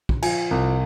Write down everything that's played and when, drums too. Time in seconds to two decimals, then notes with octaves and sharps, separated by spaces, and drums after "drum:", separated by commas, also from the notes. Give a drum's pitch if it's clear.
0.09 drum: kick
0.22 F3 G#5, drum: cymbal
0.51 C2